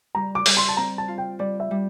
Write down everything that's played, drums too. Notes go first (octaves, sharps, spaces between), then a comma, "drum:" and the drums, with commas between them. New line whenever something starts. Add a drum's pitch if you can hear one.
G3 A#5
D6
G3, drum: open hi-hat
C6
A5
C4 A#5
A5
F4
G5
G3 D5
E5
G3